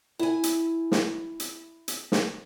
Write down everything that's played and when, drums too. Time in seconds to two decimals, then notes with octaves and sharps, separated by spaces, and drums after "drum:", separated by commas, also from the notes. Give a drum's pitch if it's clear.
0.19 E4 G#5
0.43 drum: hi-hat
0.92 drum: snare
1.40 drum: hi-hat
1.88 drum: hi-hat
2.12 drum: snare